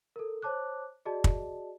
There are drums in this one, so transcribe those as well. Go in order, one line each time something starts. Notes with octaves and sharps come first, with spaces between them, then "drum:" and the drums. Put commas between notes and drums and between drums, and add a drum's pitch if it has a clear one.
A4 A#4
C5 C#5 A5 D6 F#6
F#4 G#4 D5 D#5 A5
drum: kick